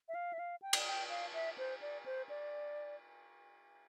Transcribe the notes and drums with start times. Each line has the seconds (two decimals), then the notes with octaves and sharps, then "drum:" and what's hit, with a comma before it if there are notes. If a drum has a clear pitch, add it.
0.09 E5
0.15 F5
0.33 E5
0.39 F5
0.62 G5
0.73 drum: cymbal
0.87 G5
1.10 F5
1.34 E5
1.58 C5
1.81 D5
2.06 C5
2.29 D5